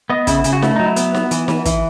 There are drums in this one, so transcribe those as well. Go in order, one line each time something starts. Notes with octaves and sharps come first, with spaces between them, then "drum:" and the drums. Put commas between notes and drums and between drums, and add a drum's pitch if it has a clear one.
B3 D#5
C#3 E4, drum: kick, hi-hat
C#3, drum: hi-hat
F#4
A3 E4, drum: snare D#4
F#3 D#4
E4
B3, drum: hi-hat
B3, drum: snare D#4
E3, drum: hi-hat
E3, drum: snare D#4
E3, drum: kick, hi-hat